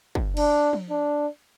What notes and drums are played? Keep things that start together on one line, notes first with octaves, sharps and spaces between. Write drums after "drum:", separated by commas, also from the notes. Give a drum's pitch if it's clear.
drum: kick
D4, drum: cymbal
drum: tom F3
D4